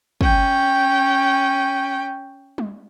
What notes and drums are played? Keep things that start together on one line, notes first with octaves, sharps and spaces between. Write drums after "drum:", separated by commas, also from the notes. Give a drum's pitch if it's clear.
C#4 G5, drum: kick
drum: tom G3